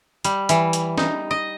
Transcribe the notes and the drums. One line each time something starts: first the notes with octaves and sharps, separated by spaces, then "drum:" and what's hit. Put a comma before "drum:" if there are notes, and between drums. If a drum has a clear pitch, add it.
G3, drum: hi-hat
E3, drum: hi-hat
drum: hi-hat
D#4, drum: snare
D#5